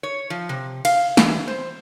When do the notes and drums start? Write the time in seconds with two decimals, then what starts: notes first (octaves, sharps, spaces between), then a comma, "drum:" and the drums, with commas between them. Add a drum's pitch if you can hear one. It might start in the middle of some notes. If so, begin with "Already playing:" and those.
0.03 C#5
0.30 F3
0.49 C3
0.85 F5, drum: cymbal
1.17 E3, drum: snare
1.48 C5